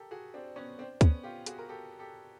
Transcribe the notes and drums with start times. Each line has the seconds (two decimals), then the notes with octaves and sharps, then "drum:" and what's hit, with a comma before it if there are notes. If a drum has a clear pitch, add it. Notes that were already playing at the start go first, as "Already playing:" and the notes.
Already playing: G4 A4 A#4
0.11 F#4 G#4
0.34 C4 D4
0.56 B3 C#4
0.79 C4 D4
1.01 B3 C#4, drum: kick D2, hi-hat
1.23 F4 G4
1.46 F#4 G#4, drum: hi-hat
1.59 A#4
1.69 G4 A4
1.99 G4 A4